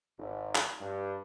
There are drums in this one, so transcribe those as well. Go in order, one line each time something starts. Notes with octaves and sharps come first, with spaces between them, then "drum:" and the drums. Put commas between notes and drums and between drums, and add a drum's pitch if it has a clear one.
G#1
drum: clap
G2